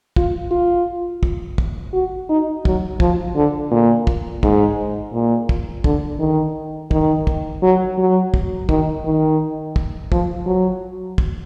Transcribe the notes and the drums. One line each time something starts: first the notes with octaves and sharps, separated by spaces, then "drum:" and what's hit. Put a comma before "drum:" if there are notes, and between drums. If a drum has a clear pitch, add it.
F4, drum: kick
F4
drum: kick
drum: kick
F#4
D#4
F#3, drum: kick
F3, drum: kick
D3
A#2
drum: kick
G#2, drum: kick
A#2
drum: kick
D3, drum: kick
D#3
D#3, drum: kick
drum: kick
F#3
F#3
drum: kick
D#3, drum: kick
D#3
drum: kick
F3, drum: kick
F#3
drum: kick